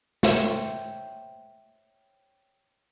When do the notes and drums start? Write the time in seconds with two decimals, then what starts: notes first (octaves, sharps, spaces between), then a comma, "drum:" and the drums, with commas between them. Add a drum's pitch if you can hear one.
0.23 C5 C#5 E5 G5, drum: snare